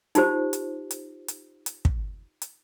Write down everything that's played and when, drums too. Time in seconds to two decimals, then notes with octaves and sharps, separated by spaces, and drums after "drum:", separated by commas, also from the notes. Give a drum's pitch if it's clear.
0.15 D#4 F4 G4 C5, drum: hi-hat
0.53 drum: hi-hat
0.91 drum: hi-hat
1.28 drum: hi-hat
1.66 drum: hi-hat
1.85 drum: kick
2.42 drum: hi-hat